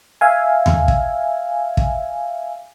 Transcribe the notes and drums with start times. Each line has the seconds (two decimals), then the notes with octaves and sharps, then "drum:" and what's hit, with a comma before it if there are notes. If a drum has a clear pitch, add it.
0.21 E5 F5 G#5
0.66 drum: tom D#2
0.88 drum: kick
1.77 drum: kick